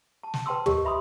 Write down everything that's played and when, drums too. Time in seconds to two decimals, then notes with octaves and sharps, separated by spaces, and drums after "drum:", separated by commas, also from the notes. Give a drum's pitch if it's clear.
0.23 A5
0.34 drum: snare
0.46 B4 G5 A5 C6 E6
0.66 G4 A#4 C#5 D#5, drum: tom
0.84 B4 E5 B5 C6 D#6